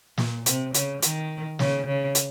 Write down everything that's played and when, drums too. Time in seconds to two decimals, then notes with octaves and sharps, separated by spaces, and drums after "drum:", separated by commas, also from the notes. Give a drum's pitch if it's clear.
0.18 A#2, drum: snare
0.46 C3, drum: hi-hat
0.74 C#3, drum: hi-hat
1.02 D#3, drum: hi-hat
1.59 C#3, drum: snare
1.87 C#3
2.15 drum: hi-hat